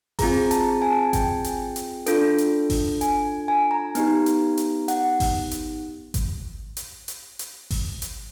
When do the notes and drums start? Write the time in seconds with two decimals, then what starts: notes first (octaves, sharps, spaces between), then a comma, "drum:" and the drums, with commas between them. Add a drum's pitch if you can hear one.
0.19 C4 F4 G#4 A#5, drum: kick G#1, open hi-hat
0.51 A5, drum: hi-hat
0.82 G#5
0.91 A5
1.02 G#5
1.13 G5, drum: kick G#1, hi-hat
1.44 drum: hi-hat
1.76 drum: hi-hat
2.06 D4 F4 A4, drum: hi-hat
2.38 drum: hi-hat
2.70 drum: kick G#1, open hi-hat
3.01 G#5, drum: hi-hat
3.48 G#5
3.71 A#5
3.95 B3 D#4 G4, drum: hi-hat
4.26 drum: hi-hat
4.57 drum: hi-hat
4.88 F#5, drum: hi-hat
5.20 drum: kick G#1, open hi-hat
5.51 drum: hi-hat
6.14 drum: kick G#1, hi-hat
6.77 drum: hi-hat
7.08 drum: hi-hat
7.39 drum: hi-hat
7.71 drum: kick G#1, open hi-hat
8.02 drum: hi-hat